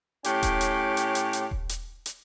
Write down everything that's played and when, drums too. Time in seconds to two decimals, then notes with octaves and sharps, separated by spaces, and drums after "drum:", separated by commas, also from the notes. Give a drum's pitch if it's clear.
0.24 A2 C#4 G4 G5, drum: hi-hat
0.43 drum: kick D#1, hi-hat
0.61 drum: hi-hat
0.97 drum: hi-hat
1.15 drum: hi-hat
1.33 drum: hi-hat
1.51 drum: kick D#1
1.69 drum: hi-hat
2.06 drum: hi-hat